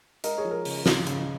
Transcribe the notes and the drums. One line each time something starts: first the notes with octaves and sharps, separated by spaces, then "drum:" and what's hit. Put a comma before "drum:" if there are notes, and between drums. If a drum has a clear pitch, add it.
G#3 A#4 D#5, drum: hi-hat
G#4 C#5
F3
A#4
C#3, drum: open hi-hat
C#3, drum: snare
C#3, drum: hi-hat